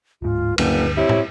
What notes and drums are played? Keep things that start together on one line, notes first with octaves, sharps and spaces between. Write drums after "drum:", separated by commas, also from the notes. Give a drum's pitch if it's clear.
D1 G#2 F4
F#1 D2 G2 B4, drum: cymbal
C3 E4 C#5
drum: tom